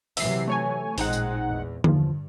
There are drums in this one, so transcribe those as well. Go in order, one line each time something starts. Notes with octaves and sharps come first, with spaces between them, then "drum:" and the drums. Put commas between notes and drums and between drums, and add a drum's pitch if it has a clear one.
C3 E3 F#3 E5 C7, drum: open hi-hat
A3 C#5 G#5
A1 A#2 G#3 C4 D#4 F#5, drum: open hi-hat
drum: tambourine
E2
E2 G2 F3, drum: tom D3